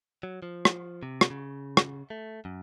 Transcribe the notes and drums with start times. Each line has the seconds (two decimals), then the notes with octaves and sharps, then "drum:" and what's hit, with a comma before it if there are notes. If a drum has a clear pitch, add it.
0.23 F#3
0.42 F3
0.65 drum: rim click
1.03 C3
1.21 drum: rim click
1.30 C#3
1.77 drum: rim click
2.10 A3
2.45 F#2